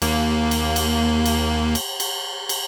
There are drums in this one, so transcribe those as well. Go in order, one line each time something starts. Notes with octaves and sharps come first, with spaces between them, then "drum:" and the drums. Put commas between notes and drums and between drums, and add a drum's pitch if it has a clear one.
D#2 A#3, drum: cymbal
drum: cymbal
drum: cymbal
drum: cymbal
drum: cymbal
drum: cymbal
drum: cymbal